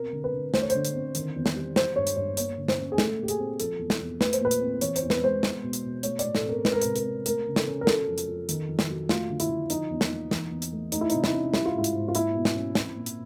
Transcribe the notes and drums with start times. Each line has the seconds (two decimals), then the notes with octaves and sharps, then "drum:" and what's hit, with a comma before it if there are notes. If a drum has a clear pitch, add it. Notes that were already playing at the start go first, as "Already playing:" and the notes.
Already playing: B2 C4 A#4
0.13 D3
0.24 B4
0.34 D3
0.54 A3 C5, drum: snare
0.62 C#5
0.70 C5, drum: hi-hat
0.75 D3
0.85 drum: hi-hat
0.95 C4
1.15 D#3, drum: hi-hat
1.36 E2
1.46 drum: snare
1.56 G3
1.76 G3 C5, drum: snare
1.96 G2 C#5
2.07 drum: hi-hat
2.17 G2 C#5
2.37 A#3 C#5, drum: hi-hat
2.58 D3
2.68 C5, drum: snare
2.78 C#4
2.92 G#4
2.98 A3 A4, drum: snare
3.19 A#2 G4
3.28 G#4, drum: hi-hat
3.39 C4
3.60 F3 A4, drum: hi-hat
3.79 E2
3.90 drum: snare
4.00 E2
4.21 A3 B4, drum: snare
4.33 C5, drum: hi-hat
4.41 A#2 B4
4.51 drum: hi-hat
4.61 C4
4.81 E3 C#5, drum: hi-hat
4.96 C5, drum: hi-hat
5.03 E2
5.10 B4, drum: snare
5.22 G#3 C5
5.43 B3, drum: snare
5.63 B2
5.73 drum: hi-hat
5.84 B2
6.03 A3 C#5, drum: hi-hat
6.19 D5, drum: hi-hat
6.25 A2
6.35 A4, drum: snare
6.45 C4 A#4
6.65 G#3 B4, drum: snare
6.73 A#4
6.82 C3 B4, drum: hi-hat
6.96 A#4, drum: hi-hat
7.06 C4
7.26 A3 A#4, drum: hi-hat
7.47 C#3
7.56 A4, drum: snare
7.67 C#4
7.81 A#4
7.87 F#3 A4, drum: snare
8.08 F2
8.18 drum: hi-hat
8.28 F2
8.49 D#3, drum: hi-hat
8.68 F2
8.79 drum: snare
8.89 F#3
9.09 A3 F4, drum: snare
9.30 D3
9.40 E4, drum: hi-hat
9.49 D3
9.70 F3 D#4, drum: hi-hat
9.91 E2
10.01 drum: snare
10.11 A#3
10.31 E3, drum: snare
10.52 E2
10.62 drum: hi-hat
10.72 A3
10.92 A3 D#4, drum: hi-hat
11.01 E4
11.10 C3 D#4, drum: hi-hat
11.24 E4, drum: snare
11.33 C#4
11.54 G3 E4, drum: snare
11.66 F4
11.75 G#2 E4
11.84 drum: hi-hat
11.95 G#2
12.08 F4
12.15 A#3 E4, drum: hi-hat
12.34 B2
12.45 drum: snare
12.55 C#4
12.75 C4, drum: snare
12.96 A#2
13.06 drum: hi-hat